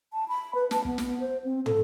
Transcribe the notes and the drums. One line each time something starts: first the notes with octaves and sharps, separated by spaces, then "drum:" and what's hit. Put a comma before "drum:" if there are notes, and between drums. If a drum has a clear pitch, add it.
A5
B5
B4
A5, drum: snare
B3, drum: kick
drum: snare
C5
C4
A4, drum: tom